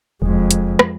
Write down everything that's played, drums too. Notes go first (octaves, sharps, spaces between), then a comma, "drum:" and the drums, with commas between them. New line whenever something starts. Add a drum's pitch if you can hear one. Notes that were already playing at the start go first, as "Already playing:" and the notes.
E1 F2 G#3
drum: hi-hat
drum: rim click